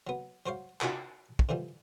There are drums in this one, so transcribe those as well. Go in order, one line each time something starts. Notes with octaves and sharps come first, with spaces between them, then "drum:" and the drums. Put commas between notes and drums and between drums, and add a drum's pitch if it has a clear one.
F#3 B3
F#3 C5 C#5 F5
C#4 D#4 F4 F#4 A#4, drum: clap
drum: kick
D3 E3 F3 G3